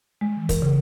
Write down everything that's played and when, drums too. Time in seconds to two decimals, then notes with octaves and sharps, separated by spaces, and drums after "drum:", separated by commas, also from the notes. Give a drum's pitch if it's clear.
0.21 G#3
0.37 E3
0.49 A#4, drum: kick, hi-hat
0.62 C#3